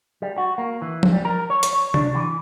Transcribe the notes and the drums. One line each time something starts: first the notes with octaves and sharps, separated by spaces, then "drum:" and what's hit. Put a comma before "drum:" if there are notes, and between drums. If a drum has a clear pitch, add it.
G3
F#4
A#3
E3
drum: tom F3
G3
A#4
C#5
drum: hi-hat
C#5
D4, drum: tom C3
E3